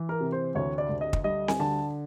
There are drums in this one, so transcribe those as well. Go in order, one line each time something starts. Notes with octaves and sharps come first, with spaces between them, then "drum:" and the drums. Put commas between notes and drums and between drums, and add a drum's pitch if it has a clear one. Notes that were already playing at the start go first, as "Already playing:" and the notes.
Already playing: E3
A#4
C3
C5
D2 C#5
D5
D2
D#5
drum: kick
G3 D#5
G#5, drum: snare C4
D3 A5